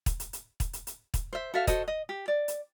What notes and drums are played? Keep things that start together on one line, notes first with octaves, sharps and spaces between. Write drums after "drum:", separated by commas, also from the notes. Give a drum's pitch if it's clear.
drum: kick, hi-hat
drum: hi-hat
drum: hi-hat
drum: kick, hi-hat
drum: hi-hat
drum: hi-hat
drum: kick, hi-hat
C5 E5
F#4 A4 E5 F5
F#4 A4 C5 D#5, drum: kick, hi-hat
D#5
G4
D5
drum: hi-hat